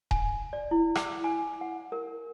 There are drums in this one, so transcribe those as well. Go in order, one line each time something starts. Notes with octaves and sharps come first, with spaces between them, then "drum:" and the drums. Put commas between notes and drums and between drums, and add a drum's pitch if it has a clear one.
G#5, drum: kick D#1
D5
E4
D6, drum: rim click
G#5
F#5
A#4